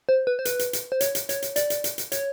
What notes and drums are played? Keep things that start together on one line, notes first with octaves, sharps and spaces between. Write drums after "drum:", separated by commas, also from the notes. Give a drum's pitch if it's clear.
C5
B4
C5
B4, drum: hi-hat
drum: hi-hat
drum: hi-hat
C5
C#5, drum: hi-hat
drum: hi-hat
C#5, drum: hi-hat
drum: hi-hat
D5, drum: hi-hat
drum: hi-hat
drum: hi-hat
drum: hi-hat
C#5, drum: hi-hat